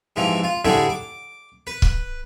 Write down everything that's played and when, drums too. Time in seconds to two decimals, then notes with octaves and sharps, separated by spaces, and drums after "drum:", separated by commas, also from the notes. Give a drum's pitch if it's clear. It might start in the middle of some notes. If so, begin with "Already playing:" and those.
0.16 G#2 C3 E3 F3
0.44 F4
0.65 A2 D3 G3 D4 E4 G#4
0.89 D6
1.67 B4
1.82 drum: kick